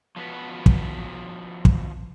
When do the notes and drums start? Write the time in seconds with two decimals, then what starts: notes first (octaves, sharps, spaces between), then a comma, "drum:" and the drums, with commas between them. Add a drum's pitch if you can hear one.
0.16 F3 B3 F#4 B4
0.66 drum: kick
1.65 drum: kick